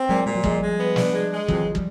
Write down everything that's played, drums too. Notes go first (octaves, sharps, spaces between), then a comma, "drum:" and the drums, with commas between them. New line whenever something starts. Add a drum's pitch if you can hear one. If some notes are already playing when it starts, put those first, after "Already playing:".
Already playing: C4
A#2 F#3 G#3
A#2 G3
F#3
F3 G3 G#3, drum: kick
G#3
B3
D4, drum: snare
G#3
G#3
F2 E3 F#3, drum: kick
F3 G3, drum: kick